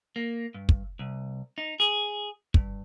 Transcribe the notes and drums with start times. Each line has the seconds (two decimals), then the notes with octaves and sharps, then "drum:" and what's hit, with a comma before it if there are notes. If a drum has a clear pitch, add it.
0.16 A#3
0.54 G2
0.69 drum: kick
0.99 C2
1.58 D#4
1.80 G#4
2.54 G2, drum: kick